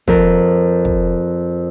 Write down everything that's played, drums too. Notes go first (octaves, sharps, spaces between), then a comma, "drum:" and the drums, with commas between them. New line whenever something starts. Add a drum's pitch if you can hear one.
F2 A#4, drum: kick
drum: kick